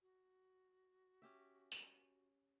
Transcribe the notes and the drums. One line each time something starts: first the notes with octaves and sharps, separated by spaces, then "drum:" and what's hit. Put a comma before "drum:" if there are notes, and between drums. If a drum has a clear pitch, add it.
F#4
C#4 G4 E5
drum: tambourine